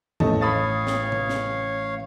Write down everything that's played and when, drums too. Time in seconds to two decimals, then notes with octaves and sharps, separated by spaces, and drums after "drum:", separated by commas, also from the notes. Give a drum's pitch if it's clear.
0.20 A1 A3 D#5 A5, drum: tom E2
0.41 C#5 F5 B5 D#6 A6
0.87 drum: snare
1.12 drum: tom C3
1.29 drum: snare